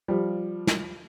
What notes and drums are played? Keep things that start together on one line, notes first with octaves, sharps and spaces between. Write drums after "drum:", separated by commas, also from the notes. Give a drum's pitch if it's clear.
F3 G3
drum: snare